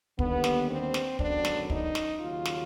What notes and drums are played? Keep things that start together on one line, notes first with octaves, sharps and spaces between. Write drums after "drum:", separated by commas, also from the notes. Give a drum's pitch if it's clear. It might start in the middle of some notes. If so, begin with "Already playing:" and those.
D#2 D3 G3 B3, drum: kick
drum: snare
C4
drum: snare
G#1 F#2 D3 F#3 B3 D4, drum: kick
drum: snare
D#4, drum: kick
drum: snare
D#2 C#3 F#3 F4
drum: snare